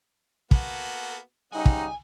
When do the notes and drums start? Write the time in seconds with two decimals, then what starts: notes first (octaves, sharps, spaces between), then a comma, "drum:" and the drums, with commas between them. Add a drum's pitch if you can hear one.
0.51 A#3 B3 F#4 A4, drum: kick
1.52 C#3 G3 C4 D#4 F#4 D#5 G#5
1.66 drum: kick